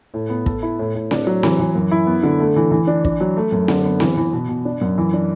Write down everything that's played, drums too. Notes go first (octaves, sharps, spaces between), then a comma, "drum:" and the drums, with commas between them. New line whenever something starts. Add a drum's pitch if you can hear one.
A2
B3
A4, drum: kick
E4
A2
A2
D4, drum: snare C4
F#3
E3, drum: snare C4
E3
F#2
E4
B3
D3
A3
E3
E3
D4
D4, drum: kick
F#3
A3
F#2
D3, drum: snare C4
B3
E3, drum: snare C4
E3
B2
B2
D4
F#2
E3
D4